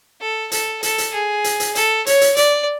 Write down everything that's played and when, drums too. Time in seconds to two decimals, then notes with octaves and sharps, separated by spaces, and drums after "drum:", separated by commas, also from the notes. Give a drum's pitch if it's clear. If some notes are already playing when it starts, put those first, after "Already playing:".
0.21 A4
0.52 A4, drum: hi-hat
0.83 A4, drum: hi-hat
0.98 drum: hi-hat
1.13 G#4
1.44 drum: hi-hat
1.60 drum: hi-hat
1.75 A4, drum: hi-hat
2.06 C#5, drum: hi-hat
2.21 drum: hi-hat
2.36 D5, drum: hi-hat